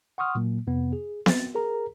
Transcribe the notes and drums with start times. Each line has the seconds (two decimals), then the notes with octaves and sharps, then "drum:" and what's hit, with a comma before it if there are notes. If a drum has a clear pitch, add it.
0.18 F#5 C6 C#6 D#6 F6
0.35 A#2 F#3 A#3
0.67 F2 C3 B3
0.93 G#4
1.26 C4 A6, drum: snare B3
1.55 G#4 A#4 A#5